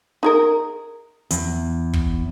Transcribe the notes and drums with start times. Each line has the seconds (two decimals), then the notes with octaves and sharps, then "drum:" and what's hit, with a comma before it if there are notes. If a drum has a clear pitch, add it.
0.23 D#4 G#4 A#4
1.31 E2, drum: hi-hat
1.93 drum: kick